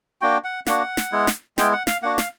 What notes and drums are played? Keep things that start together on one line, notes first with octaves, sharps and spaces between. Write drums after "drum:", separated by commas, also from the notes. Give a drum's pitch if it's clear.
A#3 D4 F#4 G5
F#5
A#3 D4 F#4 F#5, drum: snare
drum: snare
G#3 B3 E4
drum: snare
G#3 B3 E4 G5, drum: snare
F#5
F5, drum: snare
A#3 D4 F#4 F#5
F5, drum: snare